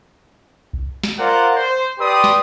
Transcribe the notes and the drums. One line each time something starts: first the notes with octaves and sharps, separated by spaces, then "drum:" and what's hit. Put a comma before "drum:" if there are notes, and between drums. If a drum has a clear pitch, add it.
drum: kick C2
drum: snare
F4 A#4 C5 D5 F#5
C5
G4 B4 D5 C6 D#6
drum: snare